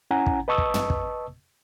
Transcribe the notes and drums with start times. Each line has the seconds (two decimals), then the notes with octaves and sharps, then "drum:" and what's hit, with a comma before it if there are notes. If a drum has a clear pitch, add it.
0.11 C#4 E4 F#5 G#5 A#5
0.26 drum: kick
0.48 B4 D#5 A5 C#6 D#6 E6
0.58 drum: kick
0.74 drum: tom
0.90 drum: kick